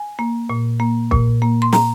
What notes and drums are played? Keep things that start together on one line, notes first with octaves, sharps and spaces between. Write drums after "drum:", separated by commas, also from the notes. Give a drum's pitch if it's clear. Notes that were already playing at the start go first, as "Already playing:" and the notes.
Already playing: G#5
A#3
A#2
A#3
A#2, drum: kick
A#3
C6
A#5, drum: snare